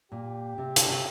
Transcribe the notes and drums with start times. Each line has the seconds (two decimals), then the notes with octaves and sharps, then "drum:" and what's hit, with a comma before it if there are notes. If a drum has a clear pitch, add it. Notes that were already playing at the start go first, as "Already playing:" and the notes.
0.11 A#2 G4
0.58 C3
0.76 D3, drum: hi-hat
0.90 C3